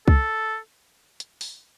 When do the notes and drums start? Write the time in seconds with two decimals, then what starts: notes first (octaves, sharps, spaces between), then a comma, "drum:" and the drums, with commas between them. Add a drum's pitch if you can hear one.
0.08 A4, drum: kick C2
1.20 drum: hi-hat
1.41 drum: open hi-hat